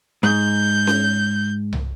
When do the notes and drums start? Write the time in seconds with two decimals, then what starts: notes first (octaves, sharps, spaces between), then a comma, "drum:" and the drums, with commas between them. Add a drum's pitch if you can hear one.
0.23 G#2 G6
0.87 drum: snare C#4
1.73 drum: tom